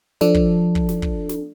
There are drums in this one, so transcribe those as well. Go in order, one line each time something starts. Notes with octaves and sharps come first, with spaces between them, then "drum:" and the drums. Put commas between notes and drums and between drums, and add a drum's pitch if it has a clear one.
F3 D4 A4, drum: snare
drum: kick
drum: kick
drum: snare
drum: kick
drum: snare